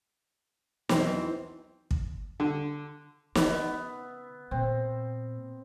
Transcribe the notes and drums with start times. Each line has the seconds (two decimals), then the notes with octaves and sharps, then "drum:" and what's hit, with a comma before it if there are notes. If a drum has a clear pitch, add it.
0.89 B1 E2 E3 C4, drum: snare
1.91 drum: kick
2.40 D3
3.35 C#3 B3 E5, drum: snare
4.51 A#2 C4